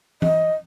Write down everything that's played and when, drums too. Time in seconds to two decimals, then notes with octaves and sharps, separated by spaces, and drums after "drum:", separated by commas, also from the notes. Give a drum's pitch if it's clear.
0.22 D#5, drum: tom E3